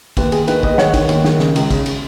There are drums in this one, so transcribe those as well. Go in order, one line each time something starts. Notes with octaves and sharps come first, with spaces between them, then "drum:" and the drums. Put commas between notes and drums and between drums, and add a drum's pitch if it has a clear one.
D#2 B4, drum: kick, cymbal
D#2 G#4, drum: cymbal
D#3 B4, drum: cymbal
D#2 B4 D#5, drum: kick
D#3 C#5 F#5, drum: snare
D#3, drum: kick, cymbal
D#2, drum: cymbal
D#3, drum: snare
C#3, drum: snare
C#2, drum: cymbal
C#3, drum: kick, cymbal
drum: cymbal